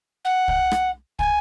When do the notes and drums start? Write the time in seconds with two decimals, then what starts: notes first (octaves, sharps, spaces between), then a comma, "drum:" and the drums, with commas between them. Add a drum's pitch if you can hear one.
0.25 F#5
0.48 drum: kick
0.71 drum: rim click
1.19 G#5, drum: kick